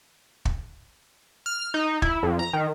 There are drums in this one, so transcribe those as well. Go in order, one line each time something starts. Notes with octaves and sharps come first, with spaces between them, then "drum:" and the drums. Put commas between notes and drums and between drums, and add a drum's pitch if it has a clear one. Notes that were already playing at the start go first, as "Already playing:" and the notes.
drum: kick
F6
D#4
E4, drum: kick
F2
A#5
D#3